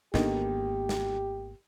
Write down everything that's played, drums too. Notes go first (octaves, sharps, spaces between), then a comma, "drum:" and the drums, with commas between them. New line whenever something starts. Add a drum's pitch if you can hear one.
G#1 D3 D#3 A#3 B3 G4, drum: snare
drum: snare